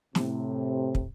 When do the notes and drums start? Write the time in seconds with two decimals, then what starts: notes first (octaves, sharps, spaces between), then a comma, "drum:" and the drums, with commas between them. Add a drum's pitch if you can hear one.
0.15 A2 C3, drum: snare
0.95 drum: kick